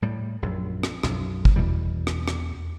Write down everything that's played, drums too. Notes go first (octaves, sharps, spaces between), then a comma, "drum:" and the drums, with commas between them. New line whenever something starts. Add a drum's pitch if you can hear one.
A2 G3
A#1 F#2
drum: rim click
B1 F#2 F3, drum: rim click
drum: kick
E2 B2 E3 G3
drum: rim click
drum: rim click